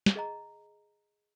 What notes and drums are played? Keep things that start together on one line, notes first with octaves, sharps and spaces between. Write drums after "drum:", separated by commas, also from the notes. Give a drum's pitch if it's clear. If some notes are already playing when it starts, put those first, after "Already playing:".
drum: snare
G#4 D#5 A#5